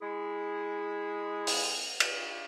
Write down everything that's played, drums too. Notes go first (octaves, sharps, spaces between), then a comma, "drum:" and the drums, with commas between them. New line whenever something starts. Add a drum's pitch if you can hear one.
G#3 E4 G#4
drum: open hi-hat
drum: cymbal